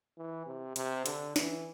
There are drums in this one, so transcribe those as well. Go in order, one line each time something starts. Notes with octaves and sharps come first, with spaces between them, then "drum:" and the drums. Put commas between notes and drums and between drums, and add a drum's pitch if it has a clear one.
E3
C3
C3, drum: hi-hat
D3, drum: hi-hat
E3, drum: snare